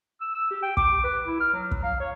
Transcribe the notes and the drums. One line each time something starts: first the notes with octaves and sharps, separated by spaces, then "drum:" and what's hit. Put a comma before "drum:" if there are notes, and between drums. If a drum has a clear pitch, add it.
E6
E6
G4
G5
D6, drum: kick
B4
E4
F6
F#3
drum: kick
F5
C#5